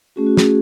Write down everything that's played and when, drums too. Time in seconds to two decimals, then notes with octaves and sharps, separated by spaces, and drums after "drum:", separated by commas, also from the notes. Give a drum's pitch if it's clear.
0.16 A3 C#4 F#4 G#4
0.27 F#4
0.37 G#4, drum: snare